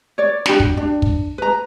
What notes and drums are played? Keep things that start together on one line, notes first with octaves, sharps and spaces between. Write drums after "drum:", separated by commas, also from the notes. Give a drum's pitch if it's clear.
C#5 D5
D4 F#4 G4, drum: snare
drum: kick
D4
drum: kick
B4 A#5